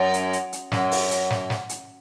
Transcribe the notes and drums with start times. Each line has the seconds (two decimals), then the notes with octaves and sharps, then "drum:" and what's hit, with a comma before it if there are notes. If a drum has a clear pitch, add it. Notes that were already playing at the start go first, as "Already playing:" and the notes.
Already playing: F#2
0.14 drum: hi-hat
0.33 drum: hi-hat
0.53 drum: hi-hat
0.72 F#2, drum: snare
0.92 drum: open hi-hat
1.11 drum: hi-hat
1.30 drum: snare
1.50 drum: snare
1.69 drum: hi-hat